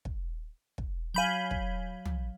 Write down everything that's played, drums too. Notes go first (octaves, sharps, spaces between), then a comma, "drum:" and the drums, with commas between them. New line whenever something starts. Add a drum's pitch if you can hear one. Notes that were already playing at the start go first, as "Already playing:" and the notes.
drum: kick
drum: kick
F#3 F5 G#5 B5 G6
drum: kick
drum: tom